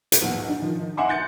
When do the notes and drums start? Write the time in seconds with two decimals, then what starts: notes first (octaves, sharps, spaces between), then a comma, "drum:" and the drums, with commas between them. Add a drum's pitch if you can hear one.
0.12 drum: hi-hat
0.22 B1 E2 F#5
0.44 D4 D#4
0.62 D#3 F3
0.80 D#4
0.97 D#5 E5 F#5 G#5 C6 D6
1.09 F#6 G6 A6 C#7